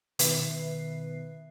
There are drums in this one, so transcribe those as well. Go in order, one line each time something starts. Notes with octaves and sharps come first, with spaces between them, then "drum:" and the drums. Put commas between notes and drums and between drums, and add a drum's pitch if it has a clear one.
B2 D#3 B3 B4 E5 C7, drum: hi-hat